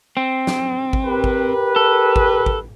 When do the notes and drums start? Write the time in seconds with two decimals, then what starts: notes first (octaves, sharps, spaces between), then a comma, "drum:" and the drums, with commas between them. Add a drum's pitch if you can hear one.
0.17 C4
0.47 drum: snare
0.93 drum: kick G#1
1.06 G4 A#4 B4
1.24 drum: kick G#1
1.76 A4
2.16 drum: kick G#1
2.46 drum: kick G#1